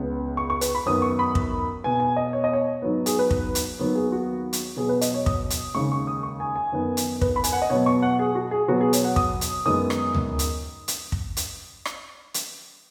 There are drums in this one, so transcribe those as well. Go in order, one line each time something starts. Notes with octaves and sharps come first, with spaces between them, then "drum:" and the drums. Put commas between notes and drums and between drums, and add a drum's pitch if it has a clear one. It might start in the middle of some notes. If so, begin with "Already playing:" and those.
Already playing: C#2 C#3 B3
C#6
C#6
B4, drum: hi-hat
B5
F#2 D#3 F#3 B3 D#6
C#6
B5
drum: kick
B2 B3 G#5
G#5
D#5
C#5
D#5
C#5
G#2 F#3 B3
G#4, drum: hi-hat
B4
drum: kick
drum: hi-hat
D#2 D#3 F#3 B3
G#4
F#4
drum: hi-hat
B2 F#3 B3 G#4
B4
D#5, drum: hi-hat
C#5
D#6, drum: kick
drum: hi-hat
D#2 C#3 G#3 C#6
C#6
D#6
C#6
G#5
G#5
F#2 D#3 B3
drum: hi-hat
B4, drum: kick
B5
G#5, drum: hi-hat
F#5
D#5
B2 F#3 B3 C#5
C#6
F#5
G#4
F#4
G#4
B2 F#3 B3 F#4
G#4
C#5, drum: hi-hat
F#5
D#6, drum: kick
drum: hi-hat
F#2 D#3 G#3 B3 D#6
drum: rim click
drum: tom D2
drum: hi-hat
drum: hi-hat
drum: kick
drum: hi-hat
drum: rim click
drum: hi-hat